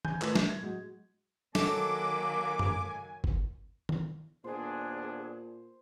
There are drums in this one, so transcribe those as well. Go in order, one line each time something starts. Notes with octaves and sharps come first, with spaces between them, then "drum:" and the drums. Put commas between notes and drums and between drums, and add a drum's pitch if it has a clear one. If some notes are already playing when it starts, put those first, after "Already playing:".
G#5 G6, drum: tom D#3
A3 F4 A#4 B4, drum: clap
E5, drum: snare
G#6
F#3 G#3
D#3 F#3 A#3 A4 G#5 D6, drum: snare
drum: tom F#2
drum: kick
drum: tom D#3
D#2 A#2 B3 D4 G#4 C5